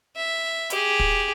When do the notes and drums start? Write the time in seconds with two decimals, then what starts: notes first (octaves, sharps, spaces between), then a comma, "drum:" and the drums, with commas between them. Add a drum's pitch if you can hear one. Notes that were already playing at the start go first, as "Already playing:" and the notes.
0.16 E5
0.70 G4 G#4, drum: hi-hat
1.00 drum: kick